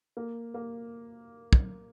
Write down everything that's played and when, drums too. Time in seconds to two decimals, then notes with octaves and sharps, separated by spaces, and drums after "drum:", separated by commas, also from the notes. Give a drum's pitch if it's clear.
0.17 A#3
0.54 A#3
1.53 drum: kick